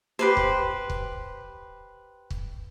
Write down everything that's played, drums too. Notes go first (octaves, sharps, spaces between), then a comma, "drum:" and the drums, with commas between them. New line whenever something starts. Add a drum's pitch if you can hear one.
G4 B4 C5
drum: kick
drum: kick
drum: kick